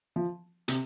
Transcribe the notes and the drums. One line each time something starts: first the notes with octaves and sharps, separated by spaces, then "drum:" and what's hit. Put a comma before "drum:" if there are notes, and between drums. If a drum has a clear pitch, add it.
F3
C3, drum: hi-hat